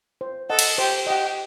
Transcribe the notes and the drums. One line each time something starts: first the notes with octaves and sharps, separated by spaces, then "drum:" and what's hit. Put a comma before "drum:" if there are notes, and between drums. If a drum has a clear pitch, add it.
C5
A4 D#5 F#5
drum: cymbal
G4 C5
G4 D#5 F#5